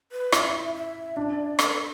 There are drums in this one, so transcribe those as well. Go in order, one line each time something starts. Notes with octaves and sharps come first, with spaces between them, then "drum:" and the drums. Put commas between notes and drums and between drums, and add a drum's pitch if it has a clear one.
B4
E4 E5, drum: rim click
E5
D4 D5
A4, drum: rim click
B4
A4